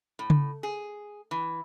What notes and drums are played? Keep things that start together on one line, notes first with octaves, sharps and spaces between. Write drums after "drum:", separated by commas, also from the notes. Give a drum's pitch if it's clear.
A2
drum: tom C#3
G#4
E3